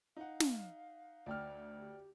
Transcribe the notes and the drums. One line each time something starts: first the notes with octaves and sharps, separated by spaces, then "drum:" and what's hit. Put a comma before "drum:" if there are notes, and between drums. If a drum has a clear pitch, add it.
D#4 F5 F#5
drum: snare
D2 D5 G5 F6
G4